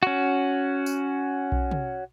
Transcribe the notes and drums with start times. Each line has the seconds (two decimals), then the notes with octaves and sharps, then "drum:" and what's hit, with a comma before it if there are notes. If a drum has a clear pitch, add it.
0.03 C#4 F#4
0.86 drum: tambourine
1.52 drum: kick B1
1.71 drum: tom